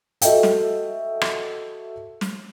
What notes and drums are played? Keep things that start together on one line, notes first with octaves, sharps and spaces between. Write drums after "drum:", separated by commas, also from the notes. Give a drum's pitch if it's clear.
F#4 A4 D#5 E5 G5, drum: hi-hat
drum: snare
drum: rim click
drum: snare